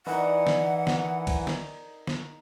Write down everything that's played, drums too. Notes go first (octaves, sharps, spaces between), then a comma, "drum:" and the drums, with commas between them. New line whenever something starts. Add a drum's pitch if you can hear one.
E3 D#4 A#4 D5 F#5
drum: snare
drum: snare
drum: kick A#1, cymbal
drum: snare
drum: snare